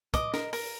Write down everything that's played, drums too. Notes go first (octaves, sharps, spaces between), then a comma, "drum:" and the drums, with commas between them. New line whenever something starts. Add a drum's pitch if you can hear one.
D#5 D6, drum: kick, hi-hat
A#4, drum: snare
A#4, drum: open hi-hat